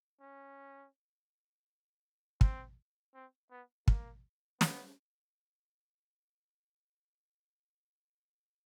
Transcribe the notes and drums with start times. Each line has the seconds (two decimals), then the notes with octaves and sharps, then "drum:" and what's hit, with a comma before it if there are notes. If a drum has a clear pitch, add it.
0.21 C#4
2.41 C4, drum: kick
3.15 C4
3.51 B3
3.88 A#3, drum: kick
4.61 B3, drum: snare